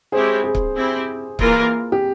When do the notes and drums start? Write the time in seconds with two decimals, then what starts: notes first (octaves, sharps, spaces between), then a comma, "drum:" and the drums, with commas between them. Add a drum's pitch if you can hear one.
0.12 G#3 C4 E4 G4 G#4 C5 C#5
0.44 G#4
0.55 drum: kick C#1
0.75 C4 E4 G4
1.39 E3 A#3 F4 A#4, drum: kick C#1
1.92 G4